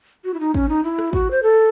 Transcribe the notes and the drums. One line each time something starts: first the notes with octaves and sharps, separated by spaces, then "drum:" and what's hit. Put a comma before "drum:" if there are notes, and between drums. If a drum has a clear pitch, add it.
F#4
E4
D#4
C#4, drum: kick
D#4
E4
drum: rim click
F#4, drum: kick
C5
A4